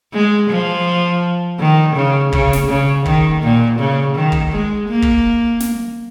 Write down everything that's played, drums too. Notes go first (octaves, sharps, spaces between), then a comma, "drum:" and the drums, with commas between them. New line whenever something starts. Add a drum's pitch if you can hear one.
G#3
F3
D#3
C#3
C#3, drum: kick
drum: snare
C#3
D#3, drum: kick
A#2
C#3
D#3
drum: kick
G#3
A#3
drum: kick
drum: snare